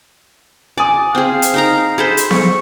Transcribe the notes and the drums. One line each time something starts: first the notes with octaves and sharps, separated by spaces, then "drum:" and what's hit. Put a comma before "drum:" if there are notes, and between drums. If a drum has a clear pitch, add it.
D5 G#5 D#6
C4 G#4 F5
drum: hi-hat
D#4 A#4 A#5
G#4 A4 C5 B5
drum: hi-hat
C#6, drum: snare B3